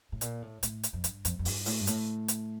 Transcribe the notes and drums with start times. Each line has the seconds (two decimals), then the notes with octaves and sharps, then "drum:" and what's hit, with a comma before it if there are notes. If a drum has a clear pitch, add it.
0.12 A2
0.21 A#2, drum: hi-hat
0.42 A2
0.63 A2, drum: hi-hat
0.83 drum: hi-hat
0.93 F2
1.04 G2, drum: hi-hat
1.25 F2, drum: hi-hat
1.39 F2
1.45 G2, drum: open hi-hat
1.66 A2, drum: open hi-hat
1.80 G2
1.87 A2, drum: hi-hat
2.28 drum: hi-hat